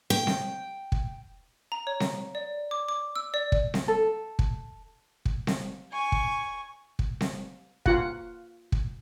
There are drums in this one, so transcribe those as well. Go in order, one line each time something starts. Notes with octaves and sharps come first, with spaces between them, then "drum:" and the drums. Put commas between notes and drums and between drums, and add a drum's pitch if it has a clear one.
G5
drum: snare C4
drum: kick
A#5
C#5
drum: snare C4
D5
D6
D6
E6
D5
drum: kick
drum: snare C4
A4
drum: kick
drum: kick
drum: snare C4
G#5 C#6
drum: kick
drum: kick
drum: snare C4
F4 F#5, drum: kick
drum: kick